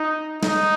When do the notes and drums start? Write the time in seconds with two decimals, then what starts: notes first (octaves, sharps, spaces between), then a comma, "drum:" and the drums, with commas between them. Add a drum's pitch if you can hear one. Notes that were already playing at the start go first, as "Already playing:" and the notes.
Already playing: D#4
0.43 D#4, drum: snare